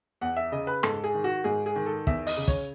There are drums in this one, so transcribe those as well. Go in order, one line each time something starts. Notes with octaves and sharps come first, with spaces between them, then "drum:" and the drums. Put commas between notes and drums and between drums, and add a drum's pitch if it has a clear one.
E2 F#5
E5
C#3 D#5
B4
G#2 A4, drum: rim click
G#4
D#3
F#4
G#2 G#4
G#4
D#3
A4
E2 E5, drum: kick
D#5, drum: open hi-hat
C#3
C#5, drum: kick